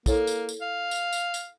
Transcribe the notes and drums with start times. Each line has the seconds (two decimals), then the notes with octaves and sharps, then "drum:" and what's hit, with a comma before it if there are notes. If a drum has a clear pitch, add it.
0.06 A#3 E4 A4 C#5, drum: kick, tambourine
0.27 drum: tambourine
0.49 drum: tambourine
0.61 F5
0.91 drum: tambourine
1.13 drum: tambourine
1.34 drum: tambourine